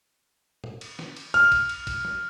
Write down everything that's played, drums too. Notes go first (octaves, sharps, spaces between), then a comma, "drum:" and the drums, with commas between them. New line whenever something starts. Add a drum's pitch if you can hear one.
drum: tom
drum: cymbal
drum: snare
drum: cymbal
F6, drum: cymbal
drum: kick, cymbal
drum: cymbal
drum: kick, cymbal
drum: tom F3